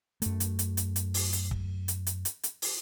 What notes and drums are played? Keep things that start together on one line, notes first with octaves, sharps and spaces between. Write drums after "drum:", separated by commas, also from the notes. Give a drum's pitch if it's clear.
F#2 A3, drum: hi-hat
drum: hi-hat
drum: hi-hat
drum: hi-hat
drum: hi-hat
drum: open hi-hat
drum: hi-hat
drum: kick
drum: hi-hat
drum: hi-hat
drum: hi-hat
drum: hi-hat
drum: open hi-hat